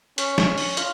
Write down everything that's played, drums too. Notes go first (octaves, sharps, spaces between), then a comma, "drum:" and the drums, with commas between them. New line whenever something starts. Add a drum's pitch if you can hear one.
C#4, drum: hi-hat
drum: snare
drum: open hi-hat
F4, drum: hi-hat